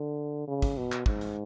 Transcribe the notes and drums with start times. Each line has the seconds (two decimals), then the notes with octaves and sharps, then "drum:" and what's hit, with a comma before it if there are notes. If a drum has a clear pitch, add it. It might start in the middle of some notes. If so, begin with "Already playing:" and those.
Already playing: D3
0.47 C#3
0.62 drum: kick, hi-hat
0.77 B2
0.92 drum: clap
1.06 G#2, drum: kick
1.21 drum: hi-hat